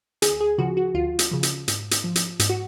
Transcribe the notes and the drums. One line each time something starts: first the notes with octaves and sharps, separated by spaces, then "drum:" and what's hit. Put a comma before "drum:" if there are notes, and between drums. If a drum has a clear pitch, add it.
D2 G#4, drum: hi-hat
G#4
C#3 F3 F#4
F#4
D2 F4
drum: hi-hat
C#3 F3
drum: hi-hat
G#2, drum: hi-hat
drum: hi-hat
F3
drum: hi-hat
G#2, drum: hi-hat
F#4